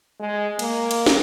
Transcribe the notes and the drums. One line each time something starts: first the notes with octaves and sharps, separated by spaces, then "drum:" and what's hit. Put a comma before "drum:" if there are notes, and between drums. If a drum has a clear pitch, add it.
G#3
A#3, drum: cymbal
drum: cymbal
drum: snare